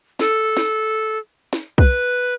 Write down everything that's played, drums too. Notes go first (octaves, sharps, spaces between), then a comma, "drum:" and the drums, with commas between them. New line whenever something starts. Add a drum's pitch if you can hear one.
A4, drum: snare
drum: snare
drum: snare
B4, drum: kick